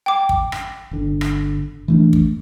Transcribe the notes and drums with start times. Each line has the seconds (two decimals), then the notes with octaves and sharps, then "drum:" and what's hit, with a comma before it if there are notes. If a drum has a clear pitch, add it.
0.06 G5 D6
0.29 drum: kick
0.52 drum: rim click
0.91 G1 D3
1.21 drum: rim click
1.88 E3 A3 D4
2.13 drum: kick